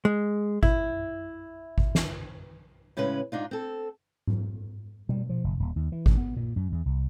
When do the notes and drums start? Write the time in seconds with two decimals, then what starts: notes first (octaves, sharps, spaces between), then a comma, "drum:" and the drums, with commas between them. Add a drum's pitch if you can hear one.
0.05 G#3
0.63 E4, drum: kick G#1
1.78 drum: kick G#1
1.95 drum: snare
2.97 A2 C#3 G#3 C#4 B4
3.32 G#2 D4 D#4 F4
3.51 C4 A4
4.27 drum: tom G#2
5.09 G3, drum: tom B2
5.29 F3
5.44 F#1
5.59 D#1
5.76 D#2
5.92 E3
6.06 A1, drum: kick G#1
6.17 B3
6.37 A#2
6.56 F#2
6.72 E2
6.85 C2